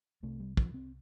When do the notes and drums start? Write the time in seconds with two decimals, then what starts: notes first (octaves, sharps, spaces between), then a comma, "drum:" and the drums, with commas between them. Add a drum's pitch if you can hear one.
0.23 C2 C3 A3
0.40 G3
0.57 F3, drum: kick
0.74 C4